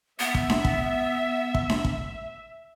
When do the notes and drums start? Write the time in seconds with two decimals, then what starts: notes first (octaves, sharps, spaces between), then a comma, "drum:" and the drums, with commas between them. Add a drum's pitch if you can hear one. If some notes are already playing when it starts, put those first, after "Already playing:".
0.20 B3 E5
0.35 drum: kick
0.50 drum: snare D4
0.65 drum: kick
1.55 drum: kick
1.70 drum: snare D4
1.85 drum: kick